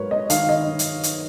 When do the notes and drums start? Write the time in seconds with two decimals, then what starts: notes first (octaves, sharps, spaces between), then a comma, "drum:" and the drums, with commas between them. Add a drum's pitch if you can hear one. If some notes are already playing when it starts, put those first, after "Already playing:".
Already playing: G#2 F#3 A#4 B4 C#5
0.11 D#5
0.30 D#3 F5, drum: hi-hat
0.49 D#5
0.66 D#3
0.79 drum: hi-hat
1.03 drum: hi-hat